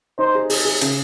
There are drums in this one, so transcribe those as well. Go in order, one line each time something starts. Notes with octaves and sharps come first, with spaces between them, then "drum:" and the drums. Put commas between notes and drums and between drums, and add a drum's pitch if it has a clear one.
D#4 C5
G#4
G#4, drum: open hi-hat
G#4
C#3, drum: hi-hat